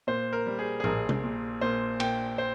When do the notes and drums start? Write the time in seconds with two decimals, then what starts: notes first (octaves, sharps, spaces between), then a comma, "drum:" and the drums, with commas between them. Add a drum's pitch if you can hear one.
0.07 A#2 C5
0.33 A#4
0.47 G3
0.59 G#4
0.80 G#4
0.84 A#1 A#4, drum: tom
1.09 drum: tom C3
1.23 A#2
1.61 A#2 C5
2.00 A#2 G5, drum: cymbal
2.38 C5